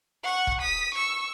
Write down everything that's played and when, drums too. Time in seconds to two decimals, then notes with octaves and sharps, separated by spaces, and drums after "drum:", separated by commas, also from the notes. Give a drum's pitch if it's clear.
0.23 F#5 C#6
0.47 drum: kick
0.61 D#6 B6
0.94 C#6 E6